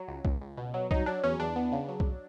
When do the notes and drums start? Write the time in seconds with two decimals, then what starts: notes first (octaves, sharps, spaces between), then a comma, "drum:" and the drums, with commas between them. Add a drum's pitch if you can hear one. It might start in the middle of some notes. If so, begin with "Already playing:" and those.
Already playing: F#3
0.08 C#2
0.25 C#2, drum: kick C2
0.41 C#2
0.57 B2
0.74 F#3
0.91 F#3 D#4, drum: kick C2
1.06 F#3 D4
1.24 E2 C#4
1.40 E2 D4
1.56 B3
1.72 C#3
1.88 F#3
2.00 drum: kick C2